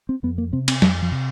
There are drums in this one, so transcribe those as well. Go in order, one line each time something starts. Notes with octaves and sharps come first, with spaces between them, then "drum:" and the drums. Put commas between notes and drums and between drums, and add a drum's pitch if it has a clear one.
C4
F2 B3
A#3
C3 C4
C4, drum: cymbal
F2 F#3, drum: snare
F3
C3